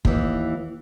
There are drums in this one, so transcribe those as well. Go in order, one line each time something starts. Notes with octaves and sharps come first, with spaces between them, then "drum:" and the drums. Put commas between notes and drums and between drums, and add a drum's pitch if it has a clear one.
D#2 E3, drum: kick